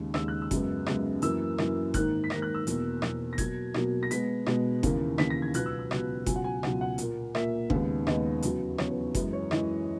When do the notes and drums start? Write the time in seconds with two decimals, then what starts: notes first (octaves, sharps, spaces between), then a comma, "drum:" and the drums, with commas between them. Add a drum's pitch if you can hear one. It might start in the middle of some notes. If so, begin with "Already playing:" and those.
Already playing: D#2 C#3 G#3
0.14 D#2 C#3 G#3 E6, drum: rim click
0.28 F#6
0.42 E6
0.51 F#2 C#3 G#3 B3, drum: kick F#1, hi-hat
0.86 F#2 C#3 G#3 B3, drum: rim click
1.22 F#2 E3 A#3 E6, drum: hi-hat
1.58 F#2 E3 A#3, drum: rim click
1.94 G#2 D#3 A#3 F#6, drum: kick F#1, hi-hat
2.24 B6
2.30 G#2 D#3 A#3 A#6, drum: rim click
2.42 F#6
2.55 E6
2.67 E2 B2 A#3, drum: hi-hat
3.02 E2 B2 A#3, drum: rim click
3.33 A#6
3.38 B2 F#3 A#3 G#6, drum: kick F#1, hi-hat
3.74 B2 F#3 A#3, drum: rim click
4.03 A#6
4.11 B2 G#3 B3 B6, drum: hi-hat
4.46 B2 G#3 B3, drum: rim click
4.83 D#2 C#3 E3 A#3, drum: kick F#1, hi-hat
5.18 D#2 C#3 E3 A#3 B6, drum: rim click
5.30 A#6
5.42 G#6
5.54 C#2 B2 F#3 B3 F#6, drum: hi-hat
5.66 E6
5.79 E6
5.91 C#2 B2 F#3 B3, drum: rim click
6.26 C#2 B2 F#3 G#5, drum: kick F#1, hi-hat
6.36 F#5
6.44 G#5
6.63 C#2 B2 F#3 F#5, drum: rim click
6.81 F#5
6.98 A#2 A#3, drum: hi-hat
7.35 A#2 A#3 E5, drum: rim click
7.70 D#2 C#3 G#3 B3, drum: kick F#1
8.07 D#2 C#3 G#3 B3 D#5, drum: rim click
8.42 E2 C#3 F#3 B3, drum: hi-hat
8.78 E2 C#3 F#3 B3 C#5, drum: rim click
8.91 B4
9.15 F#2 E3 G#3 B4, drum: kick F#1, hi-hat
9.33 C#5
9.51 F#2 E3 G#3 D#5, drum: rim click